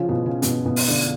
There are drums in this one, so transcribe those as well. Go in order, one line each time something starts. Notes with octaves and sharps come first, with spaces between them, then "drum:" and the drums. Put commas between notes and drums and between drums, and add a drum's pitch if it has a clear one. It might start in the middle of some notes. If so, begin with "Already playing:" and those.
Already playing: C#3 F3 C#4 F4
B2 B3
C#3 C#4
B2 B3, drum: hi-hat
B2 B3
drum: open hi-hat
D3 D4